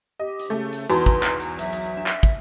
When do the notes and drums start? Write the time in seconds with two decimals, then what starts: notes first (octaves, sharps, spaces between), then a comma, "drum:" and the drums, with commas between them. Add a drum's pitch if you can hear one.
0.19 G4 D#5
0.40 drum: hi-hat
0.50 C#3 A3
0.73 drum: hi-hat
0.90 E2 D#4 F#4 B4 C6, drum: hi-hat
1.06 drum: kick, hi-hat
1.23 drum: clap
1.40 drum: hi-hat
1.59 F#3 E5, drum: hi-hat
1.73 drum: hi-hat
1.97 D4
2.06 drum: clap
2.23 drum: kick, hi-hat